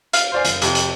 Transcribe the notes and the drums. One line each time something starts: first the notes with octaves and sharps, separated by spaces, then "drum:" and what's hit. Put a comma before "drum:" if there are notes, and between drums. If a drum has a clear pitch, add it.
F5, drum: hi-hat
C5 D5 G#5
F#1, drum: hi-hat
F2 C3, drum: hi-hat
drum: hi-hat